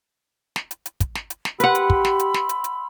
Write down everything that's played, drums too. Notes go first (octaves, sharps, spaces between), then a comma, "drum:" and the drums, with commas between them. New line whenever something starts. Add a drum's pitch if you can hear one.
drum: snare
drum: hi-hat
drum: hi-hat
drum: kick, hi-hat
drum: snare
drum: hi-hat
drum: snare
G4 B4 F#5 B5 C6 E6, drum: hi-hat
drum: hi-hat
drum: kick
drum: snare
drum: hi-hat
drum: snare
drum: hi-hat
drum: hi-hat